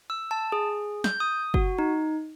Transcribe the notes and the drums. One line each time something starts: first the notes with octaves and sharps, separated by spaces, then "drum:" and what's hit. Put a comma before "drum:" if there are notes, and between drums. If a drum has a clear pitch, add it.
E6
A5
G#4
G6, drum: snare
D#6
F#4, drum: kick F#1
D#4